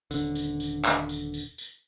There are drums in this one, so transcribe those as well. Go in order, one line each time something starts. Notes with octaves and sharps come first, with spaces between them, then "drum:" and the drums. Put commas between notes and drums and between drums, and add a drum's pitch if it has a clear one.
D#1 D3, drum: tambourine
drum: tambourine
drum: tambourine
drum: clap
drum: tambourine
drum: tambourine
drum: tambourine